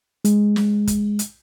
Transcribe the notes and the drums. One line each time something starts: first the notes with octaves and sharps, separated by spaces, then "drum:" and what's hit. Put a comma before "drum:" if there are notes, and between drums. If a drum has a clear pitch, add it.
G#3, drum: hi-hat
drum: snare
drum: kick, hi-hat
drum: hi-hat